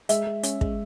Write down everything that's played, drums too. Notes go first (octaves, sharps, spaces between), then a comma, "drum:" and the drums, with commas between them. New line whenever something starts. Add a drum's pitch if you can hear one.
G#3 E5, drum: hi-hat
G#3
C#4, drum: hi-hat
G#3, drum: kick